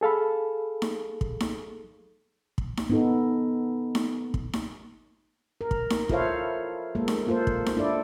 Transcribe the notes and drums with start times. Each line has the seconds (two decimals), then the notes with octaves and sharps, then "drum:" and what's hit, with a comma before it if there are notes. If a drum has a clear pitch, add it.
0.01 G#4 A4 F5 B5
0.82 drum: snare D#4
1.21 drum: kick
1.40 drum: snare D#4
2.58 drum: kick
2.77 drum: snare D#4
2.90 B3 D#4 A4
3.95 drum: snare D#4
4.34 drum: kick
4.53 drum: snare D#4
5.61 A#4
5.71 drum: kick
5.90 drum: snare D#4
6.09 E4 F4 A4 C5 C#5 F5, drum: kick
6.95 G#3 A#3 A4
7.08 drum: snare D#4
7.27 A#3 F4 A4 C5
7.47 drum: kick
7.66 drum: snare D#4
7.77 D4 E4 A4 D5